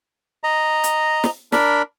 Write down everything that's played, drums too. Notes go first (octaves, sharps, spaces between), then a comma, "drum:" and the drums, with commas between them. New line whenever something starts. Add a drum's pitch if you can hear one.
D#5 A#5
drum: hi-hat
drum: snare
D4 A#4 B5, drum: snare